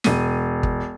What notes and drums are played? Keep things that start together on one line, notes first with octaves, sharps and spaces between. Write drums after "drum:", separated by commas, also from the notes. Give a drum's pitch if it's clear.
E1 D#7, drum: snare
drum: kick